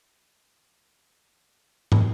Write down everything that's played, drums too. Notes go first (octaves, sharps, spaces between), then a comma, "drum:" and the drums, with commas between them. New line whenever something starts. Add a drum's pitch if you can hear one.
B2 F3
drum: tom